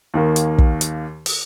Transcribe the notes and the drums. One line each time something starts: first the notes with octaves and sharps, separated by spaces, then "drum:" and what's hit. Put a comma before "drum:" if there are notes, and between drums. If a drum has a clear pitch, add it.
D#2 D#3 A#3
drum: hi-hat
drum: kick
drum: hi-hat
drum: open hi-hat